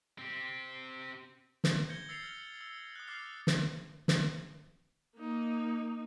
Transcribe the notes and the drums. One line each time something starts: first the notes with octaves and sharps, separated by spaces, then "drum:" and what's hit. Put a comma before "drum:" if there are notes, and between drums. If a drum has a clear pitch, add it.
C4 G4
drum: snare
G6 G#6 A#6 C#7 G7
E6 A6 C7 C#7 F7
F6
E6
D#6 F#6
D6 F6 F#6 A6 C7
drum: snare
drum: snare
A#3 D#4